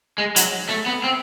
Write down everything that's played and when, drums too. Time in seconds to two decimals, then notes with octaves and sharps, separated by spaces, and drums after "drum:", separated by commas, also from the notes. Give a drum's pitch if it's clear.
0.18 G#3
0.36 F#3, drum: hi-hat
0.69 A3
0.86 B3
1.04 C4